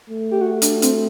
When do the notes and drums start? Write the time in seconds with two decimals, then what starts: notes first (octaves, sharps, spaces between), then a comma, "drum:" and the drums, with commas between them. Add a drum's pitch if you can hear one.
0.10 A3
0.31 G4
0.41 F#4
0.62 D4, drum: hi-hat
0.82 C4, drum: hi-hat